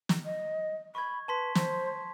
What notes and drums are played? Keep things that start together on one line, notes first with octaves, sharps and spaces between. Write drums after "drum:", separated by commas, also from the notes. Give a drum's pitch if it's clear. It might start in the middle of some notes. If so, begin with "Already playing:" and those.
drum: snare
D#5
B5 C#6 G#6
B4 A5 C6 B6
C5, drum: snare